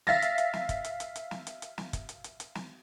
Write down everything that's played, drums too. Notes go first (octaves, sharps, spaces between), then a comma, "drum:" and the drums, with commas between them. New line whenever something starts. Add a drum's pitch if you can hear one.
E5 F5 A6 A#6, drum: snare
drum: hi-hat
drum: hi-hat
drum: snare
drum: kick, hi-hat
drum: hi-hat
drum: hi-hat
drum: hi-hat
drum: snare
drum: hi-hat
drum: hi-hat
drum: snare
drum: kick, hi-hat
drum: hi-hat
drum: hi-hat
drum: hi-hat
drum: snare